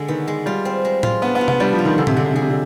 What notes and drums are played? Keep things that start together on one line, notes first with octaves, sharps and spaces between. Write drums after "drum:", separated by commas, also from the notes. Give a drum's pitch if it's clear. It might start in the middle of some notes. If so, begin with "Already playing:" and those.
Already playing: D3 G#3
D#3 B3
G#3
G3 F4
C4
G#3
F4, drum: tom A2
B3 D4
B3
F4
B3, drum: tom C3
G3 D4
F3
F4
D#3
D3 G#4
C3, drum: tom A2
D3 G#3
C3
D3 G#4
C3
D3